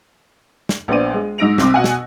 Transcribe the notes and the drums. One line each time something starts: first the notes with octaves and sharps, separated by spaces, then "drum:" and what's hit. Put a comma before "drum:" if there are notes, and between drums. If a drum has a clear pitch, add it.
drum: snare
A#1 B3 C5 D5 D#7
G#3
G#2 D#4 E6 A#6 D7 F7
C2 C4 D6, drum: snare
B2 F#5 G#5
drum: snare